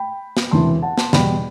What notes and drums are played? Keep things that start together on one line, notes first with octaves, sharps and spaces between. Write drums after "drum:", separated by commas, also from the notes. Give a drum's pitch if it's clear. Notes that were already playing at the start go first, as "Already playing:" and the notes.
Already playing: G5 B5
drum: snare
E1 E2 C3 E3 A5 C6
F#5 A5
A5 C6, drum: snare
E2 B2 G3 G5 B5, drum: snare